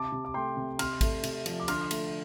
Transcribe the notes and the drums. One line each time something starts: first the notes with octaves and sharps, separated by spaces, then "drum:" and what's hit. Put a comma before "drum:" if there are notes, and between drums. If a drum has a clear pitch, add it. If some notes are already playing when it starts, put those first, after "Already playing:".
Already playing: C3 A5 D6
C3
D6
A3 G5 C6
C3
C3 C6 F6, drum: cymbal
A3, drum: kick A1, cymbal
C3, drum: cymbal
F3, drum: cymbal
D6
D3 C6 F6, drum: cymbal
A3, drum: cymbal